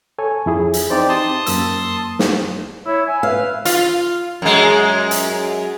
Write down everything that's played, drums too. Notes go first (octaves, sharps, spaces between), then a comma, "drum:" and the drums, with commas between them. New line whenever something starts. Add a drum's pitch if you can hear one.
A4 C#5 G#5
F2 E4 G#4
drum: hi-hat
E3 C4 D#4 G4 C5 D5
A5 C6 D#6
F#2 A#3 E6, drum: hi-hat
drum: snare
E4 C#5
E5 G#5
B4 F5
F4, drum: hi-hat
F#2 G#3
drum: hi-hat